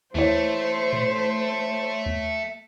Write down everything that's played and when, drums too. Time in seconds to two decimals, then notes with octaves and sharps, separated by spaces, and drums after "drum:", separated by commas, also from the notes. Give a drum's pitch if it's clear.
0.15 E3 A3 C5 C#5, drum: kick D#2
0.93 drum: tom A2
2.06 drum: kick D#2